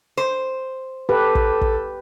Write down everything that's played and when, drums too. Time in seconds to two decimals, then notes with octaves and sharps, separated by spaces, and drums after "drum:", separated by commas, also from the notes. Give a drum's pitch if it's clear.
0.17 C5
1.09 G4 A4 B4
1.35 drum: kick
1.61 drum: kick